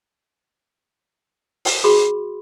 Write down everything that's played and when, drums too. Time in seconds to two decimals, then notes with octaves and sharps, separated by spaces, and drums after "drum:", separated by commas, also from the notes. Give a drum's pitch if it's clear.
1.65 drum: open hi-hat
1.84 F#4 G#4 B5 C6